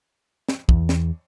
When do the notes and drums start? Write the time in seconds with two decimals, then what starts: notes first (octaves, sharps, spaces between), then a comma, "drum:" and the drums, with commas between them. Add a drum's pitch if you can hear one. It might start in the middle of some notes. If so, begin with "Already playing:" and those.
0.49 drum: snare
0.69 E2, drum: kick
0.89 drum: snare